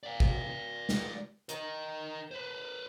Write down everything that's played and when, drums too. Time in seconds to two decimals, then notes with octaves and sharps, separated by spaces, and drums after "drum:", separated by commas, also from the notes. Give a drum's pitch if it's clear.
0.03 D5 F5
0.20 drum: kick
0.89 drum: snare
1.49 A#4 D#5, drum: hi-hat
2.31 B4 C5